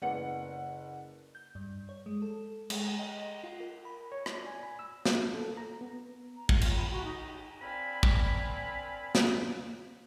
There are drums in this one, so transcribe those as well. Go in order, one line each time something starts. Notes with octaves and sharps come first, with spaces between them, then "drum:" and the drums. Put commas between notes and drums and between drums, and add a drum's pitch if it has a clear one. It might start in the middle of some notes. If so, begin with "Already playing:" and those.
F#1 B4 D5 F#5 C#7
G6
G2
C#5
G#3
A4
G#3, drum: cymbal
D#5
F4
A#4
B5
C#5
D5, drum: rim click
G#5
B5
E6
A#3, drum: snare
A4
A#5
B3
A#5
F4, drum: kick
F4, drum: cymbal
B5
F#4
D#4
C4 D4 A#4 F5 G#5 B5
drum: kick
drum: snare